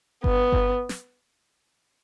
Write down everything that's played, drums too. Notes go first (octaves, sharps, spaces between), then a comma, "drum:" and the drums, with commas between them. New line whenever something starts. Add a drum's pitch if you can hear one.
B3, drum: kick G1
drum: kick G1
drum: snare